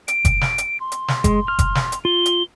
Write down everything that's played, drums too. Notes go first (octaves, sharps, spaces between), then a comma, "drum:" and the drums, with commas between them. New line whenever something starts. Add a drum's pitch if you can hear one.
D7, drum: hi-hat
drum: kick F#1, hi-hat
drum: snare
drum: hi-hat
C6
drum: hi-hat
drum: snare
G#3, drum: kick F#1, hi-hat
F6
drum: kick F#1, hi-hat
drum: snare
drum: hi-hat
F4 G7
drum: hi-hat